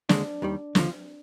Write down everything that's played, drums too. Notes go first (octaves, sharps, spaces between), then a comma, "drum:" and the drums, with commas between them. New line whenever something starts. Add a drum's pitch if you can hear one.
D#2 D3 G#3 D4, drum: snare
D#2 D#3 G3
D#2 D3 F3, drum: snare